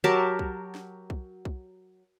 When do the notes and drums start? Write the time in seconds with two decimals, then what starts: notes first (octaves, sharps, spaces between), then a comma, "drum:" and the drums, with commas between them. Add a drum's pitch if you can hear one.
0.04 F#3 G4 A#4 A5
0.39 drum: kick B1
0.75 drum: snare
1.10 drum: kick B1
1.45 drum: kick B1